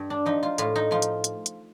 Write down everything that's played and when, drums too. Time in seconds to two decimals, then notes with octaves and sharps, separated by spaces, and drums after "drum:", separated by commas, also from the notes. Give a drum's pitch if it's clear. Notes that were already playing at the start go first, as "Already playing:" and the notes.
Already playing: G2
0.10 D4
0.26 F3 D#4
0.43 F4
0.58 A2 F4, drum: hi-hat
0.76 D#4
0.91 F3 F4
1.02 drum: hi-hat
1.24 drum: hi-hat
1.46 drum: hi-hat